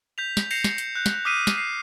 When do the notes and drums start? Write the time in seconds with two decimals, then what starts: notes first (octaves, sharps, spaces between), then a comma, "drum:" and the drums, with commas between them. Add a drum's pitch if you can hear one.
0.18 G6 B6 F7
0.37 drum: snare
0.51 G6 A#6 C7 C#7 E7 F7, drum: open hi-hat
0.64 drum: snare
0.78 drum: hi-hat
0.95 F#6 G6
1.06 drum: snare
1.25 D6 D#6 F6 B6 C7 D#7
1.47 drum: snare
1.58 C7